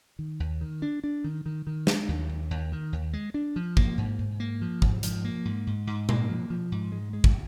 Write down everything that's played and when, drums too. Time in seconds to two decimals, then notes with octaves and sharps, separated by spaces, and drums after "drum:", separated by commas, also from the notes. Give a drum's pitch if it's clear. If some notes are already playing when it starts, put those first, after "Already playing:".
0.19 D#3
0.40 D#2
0.61 D#3
0.82 D4
1.04 D4
1.24 D#3
1.46 D#3
1.67 D#3
1.87 G#3, drum: snare
2.08 D#2
2.29 D#2
2.51 D#2
2.72 D#3
2.93 D#2
3.13 G#3
3.34 D4
3.56 F3
3.77 A#3, drum: kick G#1
3.98 G#2
4.19 G#2
4.40 A#3
4.62 F3
4.82 G#2, drum: kick G#1
5.03 F3, drum: hi-hat
5.25 A#3
5.45 G#2
5.67 G#2
5.87 G#2
6.09 A#3, drum: tom A#2
6.29 F3
6.50 F3
6.72 G#2
6.92 G#3
7.13 G#3
7.24 drum: kick G#1